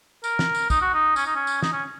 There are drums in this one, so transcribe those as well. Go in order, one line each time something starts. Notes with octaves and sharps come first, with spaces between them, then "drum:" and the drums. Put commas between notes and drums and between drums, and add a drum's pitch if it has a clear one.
A#4, drum: tambourine
drum: snare
drum: tambourine
D#4, drum: kick, tambourine
F#4
D#4
C#4, drum: tambourine
D#4
C#4
drum: tambourine
D#4, drum: snare
C#4